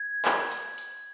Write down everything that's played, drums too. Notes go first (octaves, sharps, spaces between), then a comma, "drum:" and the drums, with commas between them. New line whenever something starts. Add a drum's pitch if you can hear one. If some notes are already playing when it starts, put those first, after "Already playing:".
Already playing: G#6
drum: clap
drum: hi-hat
drum: hi-hat